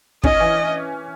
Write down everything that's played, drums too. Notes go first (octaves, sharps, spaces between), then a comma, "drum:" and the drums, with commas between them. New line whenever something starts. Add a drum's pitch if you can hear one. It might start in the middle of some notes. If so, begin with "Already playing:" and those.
C#4 D#5, drum: kick
E3